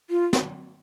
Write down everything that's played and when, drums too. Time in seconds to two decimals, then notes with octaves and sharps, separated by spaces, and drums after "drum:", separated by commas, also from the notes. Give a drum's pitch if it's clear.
0.10 F4
0.33 drum: snare